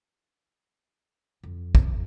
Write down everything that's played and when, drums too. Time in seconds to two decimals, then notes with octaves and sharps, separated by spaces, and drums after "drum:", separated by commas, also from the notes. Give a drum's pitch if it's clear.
1.43 F2
1.75 drum: kick